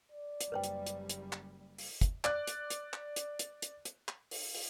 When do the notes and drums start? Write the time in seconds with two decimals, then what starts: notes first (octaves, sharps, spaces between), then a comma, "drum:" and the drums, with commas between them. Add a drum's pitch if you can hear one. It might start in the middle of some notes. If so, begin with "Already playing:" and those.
0.11 D5
0.41 drum: hi-hat
0.52 F#1 G3 B4 C5 G5
0.64 drum: hi-hat
0.87 drum: hi-hat
1.09 drum: hi-hat
1.32 drum: clap
1.78 drum: open hi-hat
2.01 drum: kick, hi-hat
2.24 D5 F#6, drum: clap
2.47 drum: hi-hat
2.70 drum: hi-hat
2.93 drum: clap
3.16 drum: hi-hat
3.39 drum: hi-hat
3.62 drum: hi-hat
3.85 drum: hi-hat
4.08 drum: clap
4.31 drum: open hi-hat
4.54 drum: open hi-hat